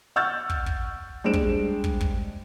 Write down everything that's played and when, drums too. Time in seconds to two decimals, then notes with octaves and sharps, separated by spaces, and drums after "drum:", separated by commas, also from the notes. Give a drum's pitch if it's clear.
0.16 F#5 C#6 E6 F6 G6 A6
0.50 drum: kick
0.66 drum: kick
1.24 G3 G#3 D4 C5 D7 E7
1.33 drum: kick
1.84 drum: kick
2.01 drum: kick